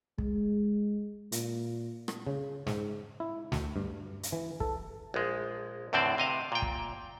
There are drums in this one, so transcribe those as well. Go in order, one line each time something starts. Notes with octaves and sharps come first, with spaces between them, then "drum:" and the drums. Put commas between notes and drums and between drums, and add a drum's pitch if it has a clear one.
G#3, drum: kick
A#2, drum: hi-hat
drum: rim click
C#3
G#2, drum: snare
E4
D2, drum: snare
G2
drum: hi-hat
E3
A4, drum: kick
A#1 G#3
E2 A2 D3 C4 C5 D5
C3 D#5 F5
A#2 G5
drum: kick